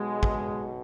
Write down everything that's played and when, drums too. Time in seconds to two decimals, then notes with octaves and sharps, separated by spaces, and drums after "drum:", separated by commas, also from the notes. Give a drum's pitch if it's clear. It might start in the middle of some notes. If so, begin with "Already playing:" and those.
Already playing: B1 B2 G#3
0.23 drum: kick